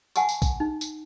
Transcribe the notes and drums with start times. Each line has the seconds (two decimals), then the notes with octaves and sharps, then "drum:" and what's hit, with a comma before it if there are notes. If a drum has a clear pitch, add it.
0.16 F#5 G#5 A5 C#6, drum: tambourine
0.29 drum: tambourine
0.42 drum: kick, tambourine
0.60 D#4
0.81 drum: tambourine